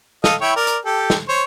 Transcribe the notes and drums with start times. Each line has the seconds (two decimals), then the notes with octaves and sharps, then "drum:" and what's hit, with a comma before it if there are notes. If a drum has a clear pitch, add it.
0.24 A4 D#5 F5, drum: snare
0.41 E4 C#5 G5
0.56 A#4 D5
0.67 drum: hi-hat
0.85 G4 A4
1.10 drum: snare
1.28 C5 C#5